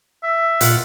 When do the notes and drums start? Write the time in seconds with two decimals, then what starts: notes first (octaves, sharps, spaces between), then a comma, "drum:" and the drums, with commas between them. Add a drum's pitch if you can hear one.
0.23 E5
0.61 A#2 F4 F#5, drum: hi-hat